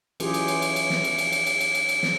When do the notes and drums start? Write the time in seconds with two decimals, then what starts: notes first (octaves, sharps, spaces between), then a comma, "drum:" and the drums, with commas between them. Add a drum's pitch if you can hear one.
0.20 E3 F#3 C#4 F4 G4 G#4, drum: cymbal
0.34 drum: cymbal
0.48 drum: cymbal
0.62 drum: cymbal
0.76 drum: cymbal
0.90 drum: snare
1.04 drum: cymbal
1.18 drum: cymbal
1.32 drum: cymbal
1.46 drum: cymbal
1.61 drum: cymbal
1.75 drum: cymbal
1.89 drum: cymbal
2.03 drum: snare